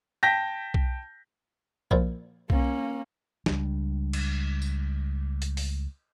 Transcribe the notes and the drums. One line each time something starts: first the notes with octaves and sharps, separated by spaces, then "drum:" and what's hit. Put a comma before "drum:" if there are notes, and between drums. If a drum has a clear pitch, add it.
G5 A5 G6 A#6 B6
drum: kick B1
A#2 F3 E4, drum: kick B1
A#3 C#4, drum: kick B1
C#2 G3 D4, drum: snare
drum: cymbal
drum: tambourine
drum: hi-hat
drum: open hi-hat